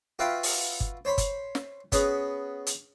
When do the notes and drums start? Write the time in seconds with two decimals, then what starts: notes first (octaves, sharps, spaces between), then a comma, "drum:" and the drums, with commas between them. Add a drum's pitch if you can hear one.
0.19 F4 F#4 B4 E5 F5 G5
0.43 drum: open hi-hat
0.80 drum: kick G1
1.05 C5 C#5 B5 C6
1.18 drum: kick G1, hi-hat
1.55 drum: snare
1.92 B3 C#4 F#4 G#4 B4, drum: kick G1, hi-hat
2.67 drum: hi-hat